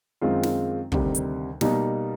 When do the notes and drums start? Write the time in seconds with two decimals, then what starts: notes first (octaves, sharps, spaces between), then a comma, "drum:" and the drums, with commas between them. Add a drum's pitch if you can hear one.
0.21 F#2 D#3 G#3 C4 F4
0.43 drum: snare
0.92 D2 C3 D#3 G3, drum: kick
1.15 drum: hi-hat
1.61 B2 G3 A#3 D#4, drum: snare